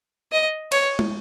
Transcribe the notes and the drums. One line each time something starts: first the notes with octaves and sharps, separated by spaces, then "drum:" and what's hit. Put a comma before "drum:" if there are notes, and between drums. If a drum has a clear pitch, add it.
D#5
C#5, drum: cymbal
drum: tom